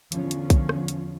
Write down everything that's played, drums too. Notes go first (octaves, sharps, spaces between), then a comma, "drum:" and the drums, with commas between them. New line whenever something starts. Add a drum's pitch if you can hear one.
E2 D3 F3 C#4, drum: hi-hat
drum: hi-hat
drum: kick B1, hi-hat
drum: rim click
drum: hi-hat